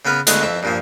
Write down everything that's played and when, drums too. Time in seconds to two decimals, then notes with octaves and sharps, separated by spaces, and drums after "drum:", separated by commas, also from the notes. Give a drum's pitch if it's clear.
0.05 C#3 B3 A#4 B4
0.27 D2 G#3 B3 F#4, drum: hi-hat
0.43 F2 E5
0.63 G2 A#2 F3